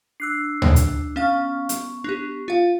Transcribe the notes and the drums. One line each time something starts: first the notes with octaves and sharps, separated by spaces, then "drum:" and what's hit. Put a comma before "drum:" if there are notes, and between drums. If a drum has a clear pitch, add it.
D4 E6 F#6 C7
drum: tom D2
drum: hi-hat
B3 C#4 F5 C#6 F6
drum: hi-hat
D4 G4
F4 F5